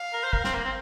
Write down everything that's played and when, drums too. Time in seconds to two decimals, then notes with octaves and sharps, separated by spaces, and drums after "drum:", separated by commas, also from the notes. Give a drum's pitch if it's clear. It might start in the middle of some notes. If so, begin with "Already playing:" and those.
Already playing: F5
0.13 A#4
0.24 C5
0.33 A#4, drum: kick
0.44 C4, drum: snare
0.54 A#3
0.65 C4